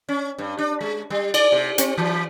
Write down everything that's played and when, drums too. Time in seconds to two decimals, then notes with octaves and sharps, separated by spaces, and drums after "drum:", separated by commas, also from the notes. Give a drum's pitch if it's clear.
0.09 C#4
0.38 G2
0.59 D4
0.81 G#3
1.10 G3
1.34 D5, drum: cymbal
1.52 C3
1.78 C4, drum: hi-hat
1.97 E3